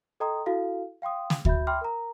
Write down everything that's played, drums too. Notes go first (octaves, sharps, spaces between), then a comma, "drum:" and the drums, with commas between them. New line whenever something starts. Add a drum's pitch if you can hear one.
A4 D#5 G5 A#5 C6 D#6
E4 F#4 A4 F5
F5 G5 C6 D#6
drum: snare
F#4 E5 B5 G6, drum: kick D2
E5 G5 B5 C6 D6 F6
A#4 A#5